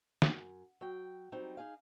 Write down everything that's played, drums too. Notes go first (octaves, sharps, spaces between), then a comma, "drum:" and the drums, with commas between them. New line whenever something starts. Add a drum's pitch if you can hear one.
F#2, drum: snare
F#3 G5
F#3 G3 C4 D#4
D#4 G#4 F5